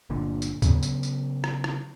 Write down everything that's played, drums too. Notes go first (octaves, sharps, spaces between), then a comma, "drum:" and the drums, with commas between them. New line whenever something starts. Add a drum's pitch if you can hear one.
G1 A#2 D3
drum: tambourine
C#3 F#3 B3, drum: kick C#2, tambourine
drum: tambourine
drum: tambourine
drum: rim click
drum: rim click